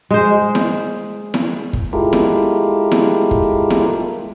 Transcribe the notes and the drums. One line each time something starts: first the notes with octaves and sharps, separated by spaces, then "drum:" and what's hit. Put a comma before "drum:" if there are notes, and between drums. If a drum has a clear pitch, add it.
G#3 C5
drum: snare E4
drum: snare E4
drum: kick
G#3 E4 F4 G4 A4 A#4
drum: snare E4
drum: snare E4
drum: kick
drum: snare E4